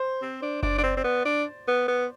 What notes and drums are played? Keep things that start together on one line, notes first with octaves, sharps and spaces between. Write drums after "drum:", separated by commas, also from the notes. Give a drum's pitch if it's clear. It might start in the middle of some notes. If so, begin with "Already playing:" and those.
Already playing: C5
C4
D4
D4 D5, drum: kick F#1
D4
C4
C4
B3
D4
B3
B3